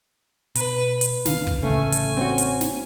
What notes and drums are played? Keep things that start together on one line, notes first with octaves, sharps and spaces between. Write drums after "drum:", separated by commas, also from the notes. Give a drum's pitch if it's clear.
B2 B4, drum: hi-hat
drum: hi-hat
B1 D3 D#3 F5, drum: snare
drum: kick
A1 C#3 A3 C#4 G#5
drum: hi-hat
C4 C#4 F#4
drum: hi-hat
drum: snare